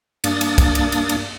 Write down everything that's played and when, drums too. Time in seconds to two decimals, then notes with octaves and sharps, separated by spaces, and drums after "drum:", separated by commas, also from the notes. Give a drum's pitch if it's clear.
0.24 G2 A#3 D4 D#6 A6, drum: cymbal
0.41 drum: cymbal
0.58 drum: kick, cymbal
0.75 drum: cymbal
0.92 drum: cymbal
1.09 drum: cymbal